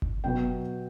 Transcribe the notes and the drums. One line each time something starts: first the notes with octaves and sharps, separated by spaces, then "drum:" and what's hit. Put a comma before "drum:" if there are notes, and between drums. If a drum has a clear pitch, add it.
drum: kick F#1
B2 F#3 B3 G5